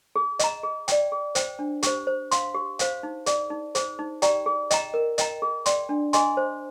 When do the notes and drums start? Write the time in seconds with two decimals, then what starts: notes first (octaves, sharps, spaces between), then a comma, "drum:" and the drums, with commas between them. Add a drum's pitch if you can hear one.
0.16 G#4
0.39 D#5 A#5, drum: hi-hat
0.63 G#4
0.88 D5 G5, drum: hi-hat
1.12 G#4
1.35 C5 G5, drum: hi-hat
1.59 D4
1.83 G4 C5, drum: hi-hat
2.07 C5
2.31 F5 C6, drum: hi-hat
2.54 G4
2.79 C5 F5, drum: hi-hat
3.03 D#4
3.26 G#4 D5, drum: hi-hat
3.50 D#4
3.75 G#4 C5, drum: hi-hat
3.99 D#4
4.22 G4 D5 G5 A#5, drum: hi-hat
4.46 G#4
4.71 D#5 G5 A#5, drum: hi-hat
4.94 A#4
5.18 D#5 G5 A#5, drum: hi-hat
5.42 G#4
5.66 D5 G5 C6, drum: hi-hat
5.89 D4
6.13 G#4 D#5 G#5 C6, drum: hi-hat
6.37 C5